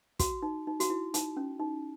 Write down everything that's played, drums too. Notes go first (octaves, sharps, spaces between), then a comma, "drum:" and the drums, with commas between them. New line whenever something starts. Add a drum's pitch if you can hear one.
F#4, drum: kick, hi-hat
D#4
D#4
F#4, drum: hi-hat
E4
D#4, drum: hi-hat
C#4
D#4